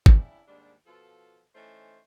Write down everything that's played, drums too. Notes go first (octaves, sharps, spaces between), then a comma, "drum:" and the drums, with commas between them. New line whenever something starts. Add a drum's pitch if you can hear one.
C#3 C4 D4 E4, drum: kick
D#2 G#2 G3 G#3 D4
B2 F3 F4 A4
E3 A3 C#4 D#4 E4 C5